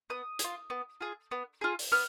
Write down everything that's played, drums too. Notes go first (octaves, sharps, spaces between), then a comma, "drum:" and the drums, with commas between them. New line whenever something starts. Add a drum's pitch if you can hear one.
B3 D#6
G#4, drum: hi-hat
F4
B3
F4 G#4
B3
F4 G#4
drum: open hi-hat
B3 F6